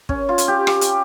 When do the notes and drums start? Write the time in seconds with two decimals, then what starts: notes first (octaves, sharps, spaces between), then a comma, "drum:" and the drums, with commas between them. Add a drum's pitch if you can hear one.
0.09 C#4, drum: kick
0.29 F4
0.38 drum: hi-hat
0.48 G4
0.67 G4, drum: rim click
0.81 drum: hi-hat